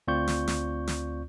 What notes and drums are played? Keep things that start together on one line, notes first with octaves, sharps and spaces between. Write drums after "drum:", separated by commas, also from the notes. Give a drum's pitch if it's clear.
D2 C4 F4 D5 C#6 G6
drum: snare
drum: snare
drum: snare